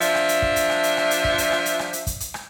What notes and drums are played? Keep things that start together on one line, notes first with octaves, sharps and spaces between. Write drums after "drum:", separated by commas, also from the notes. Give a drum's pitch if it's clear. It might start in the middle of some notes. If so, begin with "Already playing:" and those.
F3 D4 E5, drum: hi-hat
drum: rim click
drum: hi-hat
drum: kick
drum: hi-hat
drum: rim click
drum: hi-hat
drum: rim click
drum: hi-hat
drum: kick
drum: hi-hat
drum: rim click
drum: hi-hat
drum: rim click
drum: hi-hat
drum: kick, hi-hat
drum: hi-hat
drum: rim click